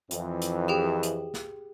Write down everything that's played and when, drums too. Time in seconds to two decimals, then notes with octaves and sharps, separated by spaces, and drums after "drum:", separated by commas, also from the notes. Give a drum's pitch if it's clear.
0.11 F2 E3, drum: hi-hat
0.42 drum: hi-hat
0.68 G4 G#4 G5
1.03 drum: hi-hat
1.34 drum: snare